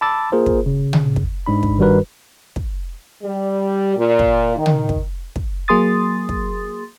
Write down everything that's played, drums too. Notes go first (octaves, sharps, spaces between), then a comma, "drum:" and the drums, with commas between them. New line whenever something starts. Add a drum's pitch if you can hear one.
A5 B5 D6 E6 A6
A#3 F4 G#4 A#4 C5
drum: kick
G#1 C#3
drum: tom
drum: kick
G#2 D4 B5
drum: kick
G2 D#3 G3 F#4 A#4 B4
drum: kick
G3
A#2
drum: kick
D#3
drum: tom
drum: kick
drum: kick
F#3 A#3 G#4 C6 D#6 A6
drum: kick